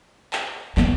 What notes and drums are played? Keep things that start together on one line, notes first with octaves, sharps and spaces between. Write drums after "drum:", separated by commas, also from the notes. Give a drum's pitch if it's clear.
drum: clap
B3, drum: clap